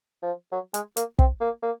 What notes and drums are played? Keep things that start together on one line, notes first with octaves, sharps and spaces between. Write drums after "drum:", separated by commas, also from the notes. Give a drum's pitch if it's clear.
F3
F#3
G#3, drum: hi-hat
A#3, drum: hi-hat
C4, drum: kick
A#3
A#3